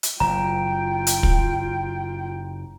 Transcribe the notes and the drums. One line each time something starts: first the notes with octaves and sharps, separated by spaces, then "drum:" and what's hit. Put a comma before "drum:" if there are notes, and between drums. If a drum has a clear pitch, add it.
drum: hi-hat
F#1 F4 G5 A#5
drum: hi-hat
drum: kick